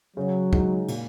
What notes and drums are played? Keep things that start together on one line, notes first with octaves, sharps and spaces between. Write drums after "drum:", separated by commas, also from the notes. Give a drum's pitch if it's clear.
C#3 F#3
G#3 D#4 F#4, drum: kick
A#2, drum: cymbal